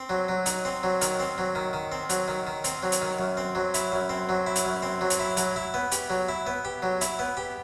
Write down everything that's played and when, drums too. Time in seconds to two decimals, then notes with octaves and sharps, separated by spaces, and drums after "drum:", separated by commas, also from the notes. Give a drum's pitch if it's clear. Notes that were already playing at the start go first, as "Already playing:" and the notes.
Already playing: C4
0.09 F#3
0.29 F#3
0.46 D#4, drum: hi-hat
0.65 C4
0.83 F#3
1.01 D#3, drum: hi-hat
1.20 C4
1.38 F#3
1.55 D#3
1.73 D#3
1.92 C4
2.09 F#3, drum: hi-hat
2.28 D#3
2.47 D#3
2.64 C4, drum: hi-hat
2.83 F#3
2.92 drum: hi-hat
3.02 D#3
3.19 F#2
3.37 C4
3.55 F#3
3.74 E4, drum: hi-hat
3.92 F#2
4.10 C4
4.29 F#3
4.47 E4
4.56 drum: hi-hat
4.65 F#2
4.83 C4
5.01 F#3
5.10 drum: hi-hat
5.20 E4
5.37 F#3, drum: hi-hat
5.56 E4
5.74 B3
5.92 G4, drum: hi-hat
6.10 F#3
6.29 E4
6.47 B3
6.65 G4
6.82 F#3
7.01 E4, drum: hi-hat
7.19 B3
7.37 G4